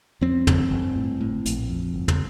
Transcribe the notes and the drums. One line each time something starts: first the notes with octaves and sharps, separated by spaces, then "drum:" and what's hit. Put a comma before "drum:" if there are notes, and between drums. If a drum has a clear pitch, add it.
F2 C4
G1, drum: tom
G1
A2
A2
A#1, drum: hi-hat
F2
G1
drum: tom